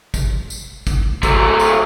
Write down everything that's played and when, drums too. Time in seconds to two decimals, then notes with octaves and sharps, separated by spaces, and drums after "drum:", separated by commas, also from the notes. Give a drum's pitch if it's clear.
0.14 drum: kick, tambourine
0.50 drum: tambourine
0.87 drum: kick, tambourine
1.23 F#3 A3, drum: kick, tambourine
1.60 drum: tambourine